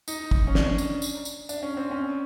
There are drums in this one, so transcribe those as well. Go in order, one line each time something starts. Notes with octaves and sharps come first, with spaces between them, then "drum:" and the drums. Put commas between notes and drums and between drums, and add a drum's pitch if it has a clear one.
D#4, drum: tambourine
drum: kick
C#4
D4, drum: snare
drum: tambourine
drum: tambourine
drum: tambourine
D4, drum: tambourine
C#4
C4
C#4